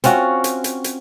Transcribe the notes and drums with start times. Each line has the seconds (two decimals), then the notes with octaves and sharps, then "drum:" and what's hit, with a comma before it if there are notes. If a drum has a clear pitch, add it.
0.04 C4 C#4 F4 F#4, drum: hi-hat
0.44 drum: hi-hat
0.64 drum: hi-hat
0.84 drum: hi-hat